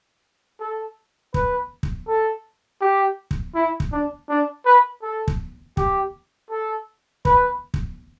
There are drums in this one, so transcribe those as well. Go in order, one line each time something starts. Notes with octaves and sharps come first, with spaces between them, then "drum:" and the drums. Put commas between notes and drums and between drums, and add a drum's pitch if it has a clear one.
A4
B4, drum: kick
drum: kick
A4
G4
drum: kick
E4
drum: kick
D4
D4
B4
A4
drum: kick
G4, drum: kick
A4
B4, drum: kick
drum: kick